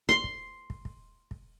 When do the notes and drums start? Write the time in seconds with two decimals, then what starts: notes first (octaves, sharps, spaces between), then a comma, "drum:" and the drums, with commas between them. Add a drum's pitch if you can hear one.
0.09 C6, drum: kick
0.24 drum: kick
0.70 drum: kick
0.85 drum: kick
1.31 drum: kick